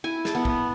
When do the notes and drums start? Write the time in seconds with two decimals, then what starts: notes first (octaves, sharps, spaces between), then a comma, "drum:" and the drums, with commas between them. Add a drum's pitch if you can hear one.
0.04 E4 G#5
0.25 A5, drum: snare
0.35 B3
0.45 drum: kick